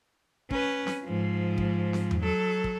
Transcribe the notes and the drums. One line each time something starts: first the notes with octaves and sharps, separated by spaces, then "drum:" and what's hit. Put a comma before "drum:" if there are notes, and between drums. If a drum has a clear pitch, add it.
C#4 B4, drum: kick
drum: snare C4
G#2 F3
drum: kick
drum: snare C4
drum: tom E2
F#3 A4
drum: kick